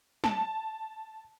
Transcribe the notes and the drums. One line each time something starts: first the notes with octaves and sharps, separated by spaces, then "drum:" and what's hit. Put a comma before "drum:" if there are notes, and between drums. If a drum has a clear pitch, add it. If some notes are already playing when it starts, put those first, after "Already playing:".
A5, drum: snare